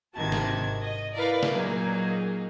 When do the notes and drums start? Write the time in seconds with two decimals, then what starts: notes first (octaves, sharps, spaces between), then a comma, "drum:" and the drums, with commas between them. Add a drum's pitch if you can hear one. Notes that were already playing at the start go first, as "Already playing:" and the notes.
0.15 G#1 C3 D#3 F#4 A5 G#6
0.32 drum: snare
0.82 D#5
1.15 E4 A#4 B4 D5 F5
1.43 drum: snare
1.53 A#2 F#3 A#3 D#4 G#4